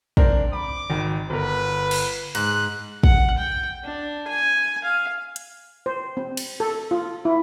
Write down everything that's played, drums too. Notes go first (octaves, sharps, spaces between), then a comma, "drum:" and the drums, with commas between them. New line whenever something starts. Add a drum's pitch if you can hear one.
C4 D4 A#4, drum: kick
B5 D6
G#1 D#3
G1 A#4 B4
drum: cymbal
G#2 F#6, drum: cymbal
F#5, drum: kick
G5
D4
G#5
F5
drum: hi-hat
C5
C4
drum: cymbal
A4
F4
E4